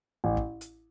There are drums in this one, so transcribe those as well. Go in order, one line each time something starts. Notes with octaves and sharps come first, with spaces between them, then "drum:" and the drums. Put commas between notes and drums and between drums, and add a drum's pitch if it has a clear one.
A1
drum: kick
drum: hi-hat